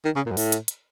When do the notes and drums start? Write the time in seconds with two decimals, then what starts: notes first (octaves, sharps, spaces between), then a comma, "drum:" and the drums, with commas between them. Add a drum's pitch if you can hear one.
0.05 D#3
0.16 C#3
0.26 A#2
0.31 F#2
0.37 A2, drum: open hi-hat
0.52 drum: hi-hat
0.68 drum: hi-hat